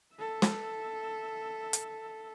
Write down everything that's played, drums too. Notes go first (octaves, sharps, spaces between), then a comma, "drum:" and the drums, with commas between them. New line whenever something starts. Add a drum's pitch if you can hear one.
A4 E5
drum: snare
drum: hi-hat